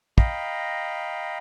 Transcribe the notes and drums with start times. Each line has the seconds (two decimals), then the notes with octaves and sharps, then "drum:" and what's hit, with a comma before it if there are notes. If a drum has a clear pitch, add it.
0.18 D#5 F5 G5 A#5 B5, drum: kick